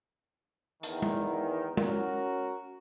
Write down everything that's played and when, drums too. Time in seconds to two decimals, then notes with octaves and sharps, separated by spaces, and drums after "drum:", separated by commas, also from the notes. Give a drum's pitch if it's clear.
0.83 E2 D#3, drum: hi-hat
1.02 drum: tom G#3
1.77 C#4 F#4 A#4, drum: tom G#3